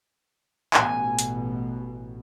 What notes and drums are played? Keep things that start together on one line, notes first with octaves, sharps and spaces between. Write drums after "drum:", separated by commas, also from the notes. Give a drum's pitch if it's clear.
A1 B2 G#5, drum: clap
drum: hi-hat